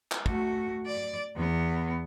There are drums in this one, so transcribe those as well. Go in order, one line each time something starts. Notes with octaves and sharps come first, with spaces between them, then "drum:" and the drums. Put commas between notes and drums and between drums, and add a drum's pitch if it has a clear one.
drum: clap
A3 F#4, drum: kick
D5
E2 B3